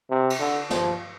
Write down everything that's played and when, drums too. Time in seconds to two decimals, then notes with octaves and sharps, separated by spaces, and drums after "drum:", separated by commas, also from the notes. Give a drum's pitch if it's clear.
0.10 C3
0.30 drum: cymbal
0.40 D3
0.70 F3, drum: snare